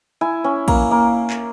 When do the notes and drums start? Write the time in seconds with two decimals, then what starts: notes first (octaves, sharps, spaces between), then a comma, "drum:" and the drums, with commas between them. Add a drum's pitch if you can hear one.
0.21 E4 G#5
0.44 C#4
0.68 A#3, drum: kick, cymbal
0.91 A#3
1.30 drum: clap